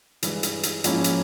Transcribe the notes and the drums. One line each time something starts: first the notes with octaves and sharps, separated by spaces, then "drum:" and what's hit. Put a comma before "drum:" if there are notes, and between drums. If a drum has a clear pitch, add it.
G2 E3 G#3, drum: hi-hat
drum: hi-hat
drum: hi-hat
G#2 F3 A#3 C#4 E4, drum: hi-hat
drum: hi-hat